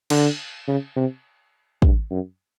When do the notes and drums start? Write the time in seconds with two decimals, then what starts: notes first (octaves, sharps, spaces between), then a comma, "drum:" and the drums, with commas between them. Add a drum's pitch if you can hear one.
0.10 D3, drum: cymbal
0.68 C#3
0.97 C3
1.82 G2, drum: kick
2.11 F#2